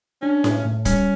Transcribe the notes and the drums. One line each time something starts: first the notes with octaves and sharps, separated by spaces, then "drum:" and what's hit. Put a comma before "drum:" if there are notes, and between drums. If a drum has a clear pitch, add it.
C#4 D4
A2, drum: snare E4
A2
G3 C#4, drum: kick, hi-hat